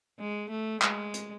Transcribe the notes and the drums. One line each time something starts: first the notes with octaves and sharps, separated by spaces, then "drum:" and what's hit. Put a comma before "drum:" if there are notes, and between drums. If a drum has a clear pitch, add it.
G#3
A3
G#3, drum: clap
drum: hi-hat